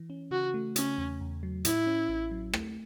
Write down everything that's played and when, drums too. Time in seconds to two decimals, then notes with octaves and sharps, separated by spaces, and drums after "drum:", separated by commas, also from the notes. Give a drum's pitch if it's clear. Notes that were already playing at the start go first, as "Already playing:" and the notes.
Already playing: E3
0.10 C#4
0.31 C#3 F#4
0.54 A3
0.76 C#3 C#4, drum: hi-hat
0.98 E2
1.21 E2
1.43 F#3
1.65 A2 E4, drum: hi-hat
1.87 C#4
2.09 A1
2.31 F#3
2.53 A3, drum: rim click